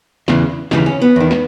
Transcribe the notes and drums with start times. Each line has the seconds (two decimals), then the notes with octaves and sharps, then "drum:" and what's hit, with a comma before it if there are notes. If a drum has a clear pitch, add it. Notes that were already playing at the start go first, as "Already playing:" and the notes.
0.28 E2 C#3 E3, drum: snare
0.71 D#2 C#3 E3 D#4, drum: snare
0.86 C#4
1.02 B3
1.16 E2 D#3
1.31 drum: snare